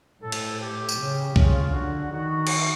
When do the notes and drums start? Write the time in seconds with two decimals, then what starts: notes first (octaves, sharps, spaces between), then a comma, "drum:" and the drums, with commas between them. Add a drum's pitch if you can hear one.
0.22 A2 A4
0.32 drum: cymbal
0.61 G4
0.89 drum: tambourine
0.98 C#3
1.36 C#3 F4, drum: kick C2
1.73 D3 F#4
2.12 D#3 F#4
2.47 drum: cymbal